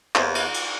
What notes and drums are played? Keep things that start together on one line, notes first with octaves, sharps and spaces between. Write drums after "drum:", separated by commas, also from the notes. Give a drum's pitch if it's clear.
E2 C3 E3 A#3 C4, drum: clap
drum: cymbal
drum: cymbal